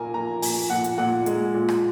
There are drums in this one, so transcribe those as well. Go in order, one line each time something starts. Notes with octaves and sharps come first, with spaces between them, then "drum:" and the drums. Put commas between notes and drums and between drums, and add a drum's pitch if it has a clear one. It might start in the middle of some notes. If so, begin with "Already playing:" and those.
Already playing: A#2 A#3 G#5 A#5
A#2 A#5
A#2 G#5, drum: open hi-hat
A#2 F#5
drum: hi-hat
A#2 F#5
G#3, drum: hi-hat
A#2
drum: rim click